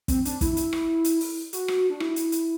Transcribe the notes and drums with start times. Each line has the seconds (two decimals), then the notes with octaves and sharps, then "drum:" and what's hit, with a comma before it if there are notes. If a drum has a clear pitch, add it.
0.08 C4, drum: kick, hi-hat
0.25 D4, drum: hi-hat
0.41 E4, drum: kick, hi-hat
0.57 drum: hi-hat
0.73 drum: rim click
1.04 drum: hi-hat
1.20 drum: open hi-hat
1.53 F#4, drum: hi-hat
1.68 drum: rim click
1.90 D4
2.00 E4, drum: rim click
2.16 drum: hi-hat
2.32 drum: hi-hat